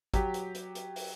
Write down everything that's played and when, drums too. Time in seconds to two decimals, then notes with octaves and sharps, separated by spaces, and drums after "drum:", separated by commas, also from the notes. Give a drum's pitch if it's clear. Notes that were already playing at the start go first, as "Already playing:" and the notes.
0.14 F#3 G4, drum: kick G#1, hi-hat
0.34 drum: hi-hat
0.55 drum: hi-hat
0.75 drum: hi-hat
0.96 drum: open hi-hat